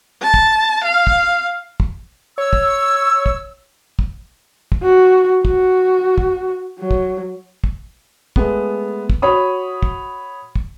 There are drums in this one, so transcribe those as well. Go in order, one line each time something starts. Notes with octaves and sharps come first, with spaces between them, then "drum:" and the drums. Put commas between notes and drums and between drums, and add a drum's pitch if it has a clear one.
A5
drum: kick
F5
drum: kick
drum: kick
C#5 E6
drum: kick
drum: kick
drum: kick
drum: kick
F#4
F#4, drum: kick
drum: kick
F#3
drum: kick
drum: kick
G#3 A3 B3, drum: kick
drum: kick
F#4 C#5 B5 D#6
drum: kick
drum: kick